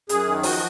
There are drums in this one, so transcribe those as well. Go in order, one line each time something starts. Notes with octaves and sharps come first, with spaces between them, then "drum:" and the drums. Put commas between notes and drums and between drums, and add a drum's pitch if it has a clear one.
F#2 G#4, drum: hi-hat
D#3
F3 F#4, drum: open hi-hat